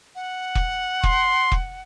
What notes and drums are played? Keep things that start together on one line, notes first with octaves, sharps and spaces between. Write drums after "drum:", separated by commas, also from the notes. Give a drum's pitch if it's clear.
F#5
drum: kick
C6, drum: kick
drum: kick